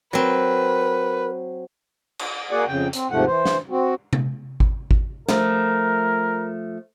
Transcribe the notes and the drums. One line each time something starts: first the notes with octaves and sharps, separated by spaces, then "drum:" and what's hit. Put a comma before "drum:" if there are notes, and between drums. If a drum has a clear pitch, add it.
F#3 C4 A#4 B4
drum: cymbal
A#3 F#4 G#4 D5 F#5
F2 C#3 G5
C4, drum: hi-hat
D#2 G#2 C3 F3 A3 F#5
E3 C5
drum: snare
C4 F#4
drum: tom C3
drum: kick
drum: kick
F3 A3 A#4, drum: snare